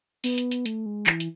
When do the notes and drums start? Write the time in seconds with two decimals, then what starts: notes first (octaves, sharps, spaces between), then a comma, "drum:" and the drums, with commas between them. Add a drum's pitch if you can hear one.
0.24 B3, drum: open hi-hat
0.38 drum: hi-hat
0.51 drum: hi-hat
0.66 A3, drum: hi-hat
0.86 G#3
1.07 E3, drum: clap
1.20 drum: hi-hat